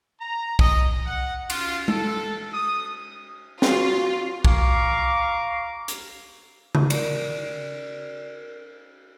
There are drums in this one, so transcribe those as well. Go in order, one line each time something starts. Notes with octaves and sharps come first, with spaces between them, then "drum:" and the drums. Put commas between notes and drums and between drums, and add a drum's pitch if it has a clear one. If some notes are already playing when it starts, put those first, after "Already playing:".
A#5
D#5, drum: kick B1
F#5
F4, drum: cymbal
A4, drum: tom G#3
D#6
F4 F#4, drum: snare
F5 A#5 C#6 D6, drum: kick B1
drum: hi-hat
drum: tom C#3
A#4 D5, drum: cymbal